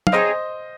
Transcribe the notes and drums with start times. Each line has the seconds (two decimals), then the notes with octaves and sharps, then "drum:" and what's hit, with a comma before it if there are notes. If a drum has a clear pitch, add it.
0.07 F5, drum: tom
0.12 C4 D#4 G#4 C5 C#5 D#5